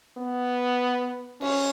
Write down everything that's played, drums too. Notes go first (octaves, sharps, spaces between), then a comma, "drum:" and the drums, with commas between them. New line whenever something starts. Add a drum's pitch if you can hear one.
B3
C#4, drum: cymbal